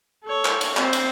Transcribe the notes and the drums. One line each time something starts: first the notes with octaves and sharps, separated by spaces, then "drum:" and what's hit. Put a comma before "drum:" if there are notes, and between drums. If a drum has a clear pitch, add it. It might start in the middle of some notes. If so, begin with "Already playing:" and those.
A4 C#5
drum: clap
drum: cymbal
C4 C5, drum: clap
drum: cymbal